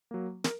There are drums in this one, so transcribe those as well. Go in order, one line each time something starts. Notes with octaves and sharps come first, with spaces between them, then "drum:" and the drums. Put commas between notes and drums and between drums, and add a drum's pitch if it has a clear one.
F#3 A#3
A#4, drum: snare